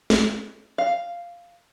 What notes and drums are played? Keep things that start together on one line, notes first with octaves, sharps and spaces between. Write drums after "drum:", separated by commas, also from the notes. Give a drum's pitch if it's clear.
drum: snare
F5